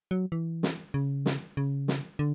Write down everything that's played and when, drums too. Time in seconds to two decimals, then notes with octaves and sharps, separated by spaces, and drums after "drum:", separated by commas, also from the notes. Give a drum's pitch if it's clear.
0.11 F#3
0.32 E3
0.63 drum: snare
0.94 C#3
1.26 drum: snare
1.57 C#3
1.88 drum: snare
2.19 D3